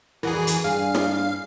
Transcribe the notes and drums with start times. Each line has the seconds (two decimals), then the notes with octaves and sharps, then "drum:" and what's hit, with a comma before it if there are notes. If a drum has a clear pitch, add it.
0.23 F2 E3 F#4 G#4 A#4
0.47 drum: hi-hat
0.64 G2 G#4 F5
0.95 drum: snare